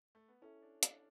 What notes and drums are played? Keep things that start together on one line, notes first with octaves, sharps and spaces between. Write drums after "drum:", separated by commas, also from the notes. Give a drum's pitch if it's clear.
A3
B3
C#4 E4 A4 E5
D4
D4, drum: hi-hat